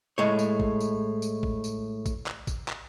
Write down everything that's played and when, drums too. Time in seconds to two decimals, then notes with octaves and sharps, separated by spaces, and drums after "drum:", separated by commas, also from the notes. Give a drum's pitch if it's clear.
0.18 A2 G#3 C#5
0.39 drum: tambourine
0.60 drum: kick
0.80 drum: tambourine
1.22 drum: tambourine
1.43 drum: kick
1.64 drum: tambourine
2.06 drum: kick, tambourine
2.26 drum: clap
2.47 drum: kick, tambourine
2.68 drum: clap